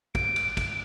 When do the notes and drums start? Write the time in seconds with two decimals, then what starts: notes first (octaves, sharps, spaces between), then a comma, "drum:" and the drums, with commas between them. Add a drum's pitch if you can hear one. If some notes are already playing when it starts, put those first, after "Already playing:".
0.15 D7, drum: kick, cymbal
0.36 drum: cymbal
0.57 drum: kick, cymbal